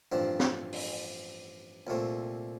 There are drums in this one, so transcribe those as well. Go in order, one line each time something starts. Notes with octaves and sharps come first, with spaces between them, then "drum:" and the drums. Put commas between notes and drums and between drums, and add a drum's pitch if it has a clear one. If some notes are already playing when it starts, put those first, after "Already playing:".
A1 G2 F3 C4 D4
drum: snare
drum: open hi-hat
C2 A#2 A3 C4